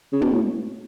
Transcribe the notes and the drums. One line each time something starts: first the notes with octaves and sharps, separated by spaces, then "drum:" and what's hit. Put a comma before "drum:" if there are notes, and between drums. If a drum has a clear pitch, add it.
C#3
B2, drum: tom
A2